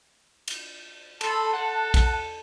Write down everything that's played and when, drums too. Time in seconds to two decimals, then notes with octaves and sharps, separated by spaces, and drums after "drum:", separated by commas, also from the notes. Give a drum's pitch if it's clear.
0.48 drum: cymbal
1.21 A4 A5 B5 C6, drum: cymbal
1.53 A4 F#5
1.94 drum: kick, cymbal